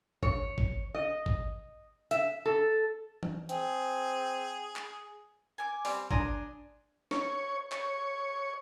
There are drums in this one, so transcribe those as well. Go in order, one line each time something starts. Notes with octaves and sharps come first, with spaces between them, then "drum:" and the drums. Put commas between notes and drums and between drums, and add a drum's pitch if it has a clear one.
C#5, drum: kick G#1
drum: kick G#1
D#5
drum: kick G#1
E5, drum: hi-hat
A4
drum: tom E3
C4 G#4, drum: hi-hat
drum: clap
G#5 D6
G3 C4, drum: open hi-hat
D4 G#5 A#5 C6 D#6, drum: kick G#1
C#5, drum: snare
C#5, drum: clap